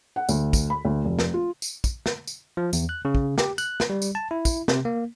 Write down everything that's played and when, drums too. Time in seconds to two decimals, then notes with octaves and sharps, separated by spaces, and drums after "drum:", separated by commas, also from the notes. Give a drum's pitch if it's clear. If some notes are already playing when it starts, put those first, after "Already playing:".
0.16 F#5
0.29 D2, drum: tambourine
0.53 drum: kick, tambourine
0.70 B5
0.85 D2
1.05 F1
1.19 drum: snare
1.34 F4
1.62 drum: tambourine
1.84 drum: kick, tambourine
2.06 drum: snare
2.27 drum: tambourine
2.57 F3
2.73 E2, drum: tambourine
2.89 F#6
3.05 C#3
3.15 drum: kick
3.38 G4, drum: snare
3.58 F#6, drum: tambourine
3.80 drum: snare
3.90 G3
4.02 drum: tambourine
4.15 A5
4.31 E4
4.45 drum: kick, tambourine
4.68 C3, drum: snare
4.85 A#3